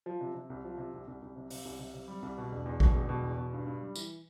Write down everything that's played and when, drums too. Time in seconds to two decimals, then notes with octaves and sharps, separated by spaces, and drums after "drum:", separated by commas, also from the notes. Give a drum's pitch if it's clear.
0.06 F3
0.21 C3
0.35 C3
0.50 C2
0.64 F3
0.78 C3
0.93 C2
1.08 C2
1.22 C2
1.36 C3
1.50 C3, drum: open hi-hat
1.65 C2
1.79 C3
1.94 C3
2.08 G3
2.22 C2
2.38 B2
2.51 E1
2.66 E2
2.80 B2, drum: kick A1
2.95 E1
3.09 B2
3.23 E2
3.37 B2
3.53 G2
3.67 G2
3.81 G3
3.96 E3, drum: tambourine